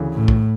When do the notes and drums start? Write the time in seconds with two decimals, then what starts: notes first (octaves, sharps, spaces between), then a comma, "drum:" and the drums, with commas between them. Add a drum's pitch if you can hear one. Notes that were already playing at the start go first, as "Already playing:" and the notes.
Already playing: D2 C#3 E3 A3
0.14 A2
0.28 drum: kick